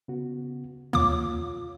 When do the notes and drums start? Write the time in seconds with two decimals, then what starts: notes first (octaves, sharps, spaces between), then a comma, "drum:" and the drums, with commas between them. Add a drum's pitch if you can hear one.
0.08 C#3 B3 F#4
0.93 A#3 F4 C#5 D6, drum: tom